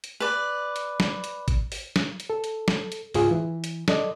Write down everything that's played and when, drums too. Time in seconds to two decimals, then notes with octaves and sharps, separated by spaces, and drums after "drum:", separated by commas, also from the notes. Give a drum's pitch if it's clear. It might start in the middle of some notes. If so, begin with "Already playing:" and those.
0.04 drum: hi-hat
0.20 B4 D5
0.76 drum: hi-hat
1.00 drum: snare
1.24 drum: hi-hat
1.48 drum: kick G#1, hi-hat
1.72 drum: open hi-hat
1.96 drum: snare
2.20 drum: hi-hat
2.30 A4
2.44 drum: hi-hat
2.68 drum: snare
2.92 drum: hi-hat
3.14 C#2 G#2 F4 G#4, drum: open hi-hat
3.31 E3
3.64 drum: hi-hat
3.88 A4 D5 D#5, drum: snare